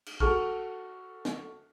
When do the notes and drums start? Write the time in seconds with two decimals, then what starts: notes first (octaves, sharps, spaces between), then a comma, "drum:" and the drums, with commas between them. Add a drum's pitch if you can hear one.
0.06 drum: cymbal
0.20 F#4 A4 C#6 F6, drum: kick
1.25 drum: snare